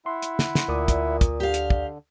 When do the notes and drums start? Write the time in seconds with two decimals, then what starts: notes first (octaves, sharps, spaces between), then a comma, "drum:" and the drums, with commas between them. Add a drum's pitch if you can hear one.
0.06 E4 E5 F#5 C6
0.22 drum: hi-hat
0.39 drum: snare
0.55 drum: snare
0.68 D2 A#2 D5 D#6
0.88 drum: kick, hi-hat
1.21 drum: kick, hi-hat
1.40 D3 G4 F5
1.54 drum: hi-hat
1.70 drum: kick